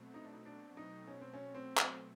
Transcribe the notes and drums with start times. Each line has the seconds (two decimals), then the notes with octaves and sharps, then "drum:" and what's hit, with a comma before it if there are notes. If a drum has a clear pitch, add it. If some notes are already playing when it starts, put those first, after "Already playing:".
Already playing: B2 F#3 A3 C4
0.14 D#4
0.24 D4
0.33 D#4
0.45 D4
0.77 D#4
1.07 C#4
1.21 C4
1.33 C#4
1.54 C4
1.78 drum: clap